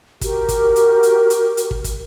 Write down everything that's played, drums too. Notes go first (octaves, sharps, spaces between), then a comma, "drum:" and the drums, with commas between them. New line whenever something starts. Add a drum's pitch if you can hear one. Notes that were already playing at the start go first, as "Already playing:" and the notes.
F#4 G4 A#4, drum: kick, hi-hat
drum: kick, hi-hat
drum: hi-hat
drum: hi-hat
drum: hi-hat
drum: hi-hat
drum: kick
drum: kick, hi-hat